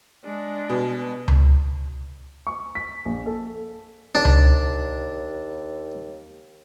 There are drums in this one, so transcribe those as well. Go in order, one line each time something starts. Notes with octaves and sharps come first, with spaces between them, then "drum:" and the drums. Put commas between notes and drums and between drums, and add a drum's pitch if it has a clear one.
G#3 D4
B2
drum: tom C#2
C#6
B6
A#1
A4
D#2 D4
drum: tom C#2